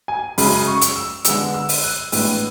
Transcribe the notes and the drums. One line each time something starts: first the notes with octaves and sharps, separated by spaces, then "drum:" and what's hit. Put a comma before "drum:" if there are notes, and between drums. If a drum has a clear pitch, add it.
G#5
F#2 C#3 G#3 B5, drum: open hi-hat
C#6
drum: hi-hat
E6
D3 G#3 B3 D4 E6, drum: hi-hat
E6
drum: open hi-hat
F#6
A2 E3 G#3 B3 D4 E6, drum: open hi-hat